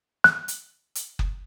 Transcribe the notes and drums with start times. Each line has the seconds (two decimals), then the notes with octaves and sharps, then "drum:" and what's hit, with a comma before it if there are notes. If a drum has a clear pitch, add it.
0.24 F#6, drum: snare
0.48 drum: hi-hat
0.95 drum: hi-hat
1.19 drum: kick F#1